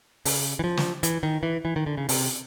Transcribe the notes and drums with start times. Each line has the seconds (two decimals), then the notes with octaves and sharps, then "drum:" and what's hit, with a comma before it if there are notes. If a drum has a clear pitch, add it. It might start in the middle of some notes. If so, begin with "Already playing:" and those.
0.25 C#3, drum: open hi-hat
0.59 E3
0.64 F3
0.77 drum: snare
1.03 E3, drum: hi-hat
1.23 D#3
1.43 E3
1.65 E3
1.76 D#3
1.86 D3
1.97 C#3
2.09 C3, drum: open hi-hat